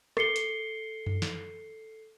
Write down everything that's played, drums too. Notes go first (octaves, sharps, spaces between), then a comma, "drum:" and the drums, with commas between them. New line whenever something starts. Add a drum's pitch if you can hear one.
A4 C7 C#7 G7, drum: rim click
drum: hi-hat
drum: tom F#2
drum: snare